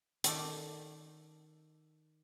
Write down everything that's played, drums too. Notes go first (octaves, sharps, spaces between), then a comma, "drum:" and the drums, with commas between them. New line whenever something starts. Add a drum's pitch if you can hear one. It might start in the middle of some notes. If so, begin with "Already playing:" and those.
D#3 A4 D5, drum: hi-hat